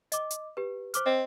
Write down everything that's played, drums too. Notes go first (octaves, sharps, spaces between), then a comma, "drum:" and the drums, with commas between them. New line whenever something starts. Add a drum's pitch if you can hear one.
D#5 D6, drum: hi-hat
drum: hi-hat
G4 B4
C5 D6 F6, drum: hi-hat
C4 D#5